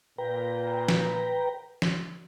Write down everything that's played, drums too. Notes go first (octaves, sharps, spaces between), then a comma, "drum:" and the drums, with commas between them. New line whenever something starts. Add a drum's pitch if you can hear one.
A#2 B4 G5 A#5
drum: snare
drum: snare